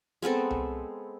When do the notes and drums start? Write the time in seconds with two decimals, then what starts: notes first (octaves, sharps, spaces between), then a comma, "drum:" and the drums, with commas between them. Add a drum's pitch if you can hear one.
0.22 G#3 B3 C4 A4
0.50 drum: tom C2